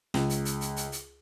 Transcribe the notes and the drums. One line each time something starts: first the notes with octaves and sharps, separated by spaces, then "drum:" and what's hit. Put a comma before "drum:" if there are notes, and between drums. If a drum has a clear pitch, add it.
C#2, drum: snare
drum: hi-hat
drum: hi-hat
drum: hi-hat
drum: hi-hat
drum: hi-hat